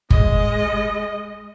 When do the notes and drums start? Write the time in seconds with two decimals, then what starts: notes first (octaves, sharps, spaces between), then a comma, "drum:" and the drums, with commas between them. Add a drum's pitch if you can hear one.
0.10 G#3 D#5, drum: kick G1